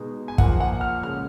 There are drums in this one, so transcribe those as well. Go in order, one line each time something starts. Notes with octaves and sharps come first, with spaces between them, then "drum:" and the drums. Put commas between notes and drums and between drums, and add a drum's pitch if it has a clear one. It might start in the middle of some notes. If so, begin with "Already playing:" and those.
Already playing: B2 G#3 D#4
G#5
A#2 F3 A#3 F#5, drum: kick
F#5
F6
C#3 G#3 C#4 F6